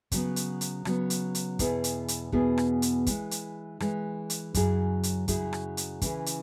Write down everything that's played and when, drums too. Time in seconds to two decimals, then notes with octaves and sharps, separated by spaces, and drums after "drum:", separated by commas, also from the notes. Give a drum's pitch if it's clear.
0.12 C#3 F#3 B3, drum: kick, hi-hat
0.36 drum: hi-hat
0.61 drum: hi-hat
0.85 C#3 F#3 B3, drum: rim click
1.10 drum: hi-hat
1.35 drum: hi-hat
1.59 E2 B2 B3 E4 G#4, drum: kick, hi-hat
1.84 drum: hi-hat
2.08 drum: hi-hat
2.32 E2 B2 B3 E4 G#4, drum: kick
2.58 drum: rim click
2.82 drum: hi-hat
3.06 E3 G#3 E4, drum: kick, hi-hat
3.31 drum: hi-hat
3.80 E3 G#3 E4, drum: rim click
4.30 drum: hi-hat
4.54 F#2 C#3 F#3 E4 G#4, drum: kick, hi-hat
5.03 drum: hi-hat
5.28 F#2 C#3 F#3 E4 G#4, drum: kick, hi-hat
5.53 drum: rim click
5.77 drum: hi-hat
6.01 C#3 E3 C#4 E4 G#4, drum: kick, hi-hat
6.26 drum: hi-hat